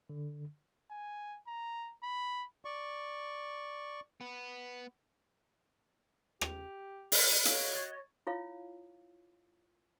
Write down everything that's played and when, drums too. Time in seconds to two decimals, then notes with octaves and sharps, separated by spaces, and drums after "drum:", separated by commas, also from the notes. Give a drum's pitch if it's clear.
0.10 D3
0.90 G#5
1.47 A#5
2.03 B5
2.65 D5 C#6
4.21 B3
6.41 G4 F7, drum: rim click
7.12 drum: open hi-hat
7.45 F#4 A4 C#5 D#5 F5, drum: hi-hat
7.75 C#6 G#6 A6
8.27 E4 F4 C#5 F5